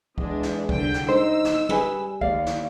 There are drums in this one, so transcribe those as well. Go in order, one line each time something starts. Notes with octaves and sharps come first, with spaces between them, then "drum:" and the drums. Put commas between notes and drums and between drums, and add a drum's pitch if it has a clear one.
E2 G#3 D4, drum: kick C#2
drum: snare
C2 D3 G5, drum: kick C#2
drum: snare
D#4 C5 E6
drum: snare
G3 G#4 B4 G#5, drum: tom
D#2 D5 F5, drum: kick C#2
drum: snare